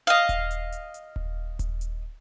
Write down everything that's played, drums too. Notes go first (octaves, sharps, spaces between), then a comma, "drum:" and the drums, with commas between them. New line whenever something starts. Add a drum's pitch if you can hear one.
D#5 F5
drum: kick D#1, hi-hat
drum: hi-hat
drum: hi-hat
drum: hi-hat
drum: kick D#1
drum: kick D#1, hi-hat
drum: hi-hat